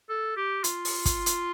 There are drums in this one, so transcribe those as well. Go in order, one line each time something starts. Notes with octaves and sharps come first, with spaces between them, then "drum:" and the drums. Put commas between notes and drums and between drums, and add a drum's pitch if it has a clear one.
A4
G4
F4, drum: hi-hat
drum: open hi-hat
drum: kick, hi-hat
drum: hi-hat